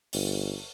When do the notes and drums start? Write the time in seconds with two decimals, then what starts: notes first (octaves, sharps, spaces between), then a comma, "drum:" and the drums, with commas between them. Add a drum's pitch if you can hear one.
0.13 G1, drum: open hi-hat